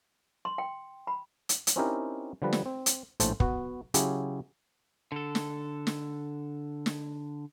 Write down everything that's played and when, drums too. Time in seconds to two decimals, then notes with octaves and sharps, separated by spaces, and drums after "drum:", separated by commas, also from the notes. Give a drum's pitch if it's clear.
0.45 C6
0.58 G5
1.07 B5
1.49 drum: hi-hat
1.67 drum: hi-hat
1.76 C4 C#4 D#4 E4 G4 A#4
2.42 D3 F3 G3 B4
2.53 drum: snare
2.66 C4
2.86 drum: hi-hat
3.20 A#1 A2 A3 C5 A5, drum: hi-hat
3.40 B3 F#4, drum: kick
3.94 C#3 F#3 C#4 E4 G4 G#4, drum: hi-hat
5.12 D3 A4
5.35 drum: snare
5.87 drum: snare
6.86 drum: snare